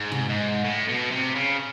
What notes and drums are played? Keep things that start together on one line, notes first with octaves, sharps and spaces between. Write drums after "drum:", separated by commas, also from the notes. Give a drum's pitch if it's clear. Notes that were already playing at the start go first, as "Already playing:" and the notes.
Already playing: G#2
drum: tom
G#2
A2
B2
C3
C#3